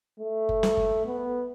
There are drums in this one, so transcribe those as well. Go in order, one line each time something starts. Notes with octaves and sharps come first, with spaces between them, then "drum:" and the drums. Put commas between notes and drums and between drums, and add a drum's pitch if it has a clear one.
A3
drum: kick F#1
drum: snare
drum: kick F#1
B3